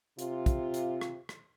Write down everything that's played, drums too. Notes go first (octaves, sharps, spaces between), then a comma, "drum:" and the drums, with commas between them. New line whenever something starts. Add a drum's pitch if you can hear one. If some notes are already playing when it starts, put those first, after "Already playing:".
C3 F4, drum: hi-hat
drum: kick, hi-hat
drum: hi-hat
drum: rim click
drum: rim click